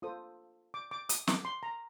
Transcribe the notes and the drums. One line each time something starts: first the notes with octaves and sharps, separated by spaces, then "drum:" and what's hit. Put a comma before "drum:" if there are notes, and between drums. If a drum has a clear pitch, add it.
F4 A4 C5 D#6
D6
D6
D#6, drum: hi-hat
D6, drum: snare
C6
A#5